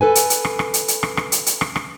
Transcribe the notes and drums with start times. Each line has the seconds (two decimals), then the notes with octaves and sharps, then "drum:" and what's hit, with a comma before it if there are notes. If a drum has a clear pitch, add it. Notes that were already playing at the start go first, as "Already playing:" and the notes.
0.01 A4 B4 G#5
0.15 drum: hi-hat
0.30 drum: hi-hat
0.45 drum: rim click
0.59 drum: rim click
0.74 drum: hi-hat
0.88 drum: hi-hat
1.03 drum: rim click
1.17 drum: rim click
1.32 drum: hi-hat
1.46 drum: hi-hat
1.61 drum: rim click
1.76 drum: rim click